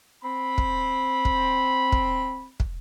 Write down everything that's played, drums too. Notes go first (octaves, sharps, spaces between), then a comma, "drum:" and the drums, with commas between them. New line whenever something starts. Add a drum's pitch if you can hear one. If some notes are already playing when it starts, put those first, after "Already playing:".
C4 B5
drum: kick
drum: kick
drum: kick
drum: kick